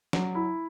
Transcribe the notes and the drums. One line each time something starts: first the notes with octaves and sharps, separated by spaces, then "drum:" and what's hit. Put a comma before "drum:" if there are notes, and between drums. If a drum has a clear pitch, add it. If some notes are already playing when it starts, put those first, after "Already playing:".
F#3, drum: snare
E4